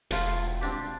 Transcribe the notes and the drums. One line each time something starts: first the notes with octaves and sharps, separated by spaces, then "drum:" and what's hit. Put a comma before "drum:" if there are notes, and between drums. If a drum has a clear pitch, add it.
E1 F4 A5, drum: hi-hat
C4 D4 G4